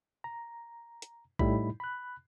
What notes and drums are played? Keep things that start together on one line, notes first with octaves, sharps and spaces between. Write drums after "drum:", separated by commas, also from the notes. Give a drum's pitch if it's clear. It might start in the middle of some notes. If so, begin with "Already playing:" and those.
A#5
drum: hi-hat
A2 G3 D#4 E4 B5, drum: kick A#1
B5 F#6